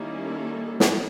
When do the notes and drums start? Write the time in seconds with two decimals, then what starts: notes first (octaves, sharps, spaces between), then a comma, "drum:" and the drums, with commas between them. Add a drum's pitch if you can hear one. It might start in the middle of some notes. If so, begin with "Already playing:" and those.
Already playing: D#3 G3 A#3 C#4 E4
0.26 A4
0.80 drum: snare